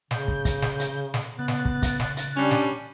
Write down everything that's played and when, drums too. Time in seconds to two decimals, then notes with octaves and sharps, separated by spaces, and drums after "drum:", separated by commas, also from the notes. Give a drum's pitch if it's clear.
0.11 C#3 G6, drum: snare
0.28 drum: kick
0.45 drum: kick, hi-hat
0.62 drum: snare
0.79 drum: hi-hat
1.14 drum: snare
1.39 C#3 B3 F#6 A6
1.48 drum: snare
1.65 drum: kick
1.82 drum: kick, hi-hat
2.00 drum: snare
2.17 drum: hi-hat
2.36 G3 C#4 D4
2.51 drum: snare